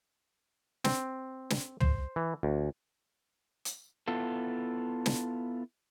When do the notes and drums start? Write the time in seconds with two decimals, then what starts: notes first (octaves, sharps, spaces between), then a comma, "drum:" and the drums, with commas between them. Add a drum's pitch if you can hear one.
0.84 C4, drum: snare
1.50 drum: snare
1.80 C5, drum: tom
2.16 E3
2.43 D2
3.65 drum: hi-hat
4.08 B3 E4 F4 A4
5.06 drum: snare